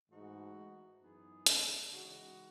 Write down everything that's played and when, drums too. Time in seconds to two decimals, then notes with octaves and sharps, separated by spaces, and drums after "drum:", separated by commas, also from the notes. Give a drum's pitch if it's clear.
0.10 G#2 E3 A3 D#4 F#4
1.01 F#2 E3 B3 D#4 G#4
1.46 A2, drum: hi-hat
1.91 C#3 E3 G#3 D#4 F#4